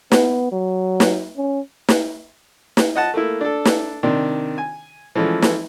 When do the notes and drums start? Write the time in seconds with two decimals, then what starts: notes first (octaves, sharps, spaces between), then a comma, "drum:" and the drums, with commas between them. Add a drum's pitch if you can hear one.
0.12 B3, drum: snare
0.52 F#3
1.00 drum: snare
1.37 C#4
1.88 drum: snare
2.77 drum: snare
2.96 D#5 F#5 A5
3.14 A3 A#3 E4
3.41 D4 A4
3.65 drum: snare
4.03 C3 D#3 D4
4.58 G#5
5.15 E3 F3 G#3 A3 C#4
5.42 drum: snare